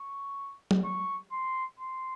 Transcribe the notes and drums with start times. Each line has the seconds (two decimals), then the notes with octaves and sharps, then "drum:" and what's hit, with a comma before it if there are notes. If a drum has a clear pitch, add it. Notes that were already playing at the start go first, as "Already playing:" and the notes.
Already playing: C#6
0.71 drum: tom F#3
0.84 C#6
1.32 C6
1.80 C6